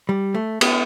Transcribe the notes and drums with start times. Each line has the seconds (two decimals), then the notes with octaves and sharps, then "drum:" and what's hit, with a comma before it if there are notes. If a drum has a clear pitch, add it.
0.09 G3
0.34 A3
0.61 B3, drum: cymbal